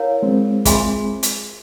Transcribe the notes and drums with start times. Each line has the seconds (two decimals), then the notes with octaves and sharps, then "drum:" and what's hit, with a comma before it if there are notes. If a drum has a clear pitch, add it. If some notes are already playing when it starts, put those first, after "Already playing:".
Already playing: E4 A#4 C#5 F5
0.22 G#3 C4
0.65 F4 G#4 E5 G#5 C6, drum: kick, hi-hat
1.23 drum: hi-hat